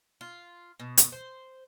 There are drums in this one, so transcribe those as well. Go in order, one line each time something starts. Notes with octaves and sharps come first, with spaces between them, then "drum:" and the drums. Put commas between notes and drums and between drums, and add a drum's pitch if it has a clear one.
F4
B2
drum: hi-hat
C5